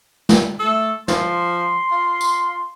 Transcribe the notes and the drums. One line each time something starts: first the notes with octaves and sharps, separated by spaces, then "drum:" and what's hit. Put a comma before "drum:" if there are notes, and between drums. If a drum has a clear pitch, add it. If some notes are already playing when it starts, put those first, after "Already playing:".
drum: snare
A3 A4
F3 C6, drum: snare
F4
drum: tambourine